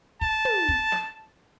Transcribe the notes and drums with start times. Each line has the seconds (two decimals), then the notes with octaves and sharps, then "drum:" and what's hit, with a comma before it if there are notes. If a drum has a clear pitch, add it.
0.21 A5, drum: kick
0.45 drum: tom
0.69 drum: kick
0.92 drum: snare